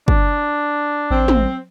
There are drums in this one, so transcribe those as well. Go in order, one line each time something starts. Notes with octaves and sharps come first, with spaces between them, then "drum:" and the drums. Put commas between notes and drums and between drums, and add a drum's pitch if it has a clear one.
D4, drum: kick
A1 C4
drum: tom